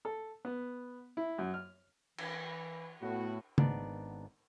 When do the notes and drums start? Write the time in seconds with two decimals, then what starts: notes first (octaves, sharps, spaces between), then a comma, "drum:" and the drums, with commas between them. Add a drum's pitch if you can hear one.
0.05 A4
0.45 B3
1.17 E4
1.39 F#2
1.54 F6
2.18 E3, drum: cymbal
3.02 A2 B3 F#4
3.58 G#1 B3 D4 D#4 D5, drum: tom C#3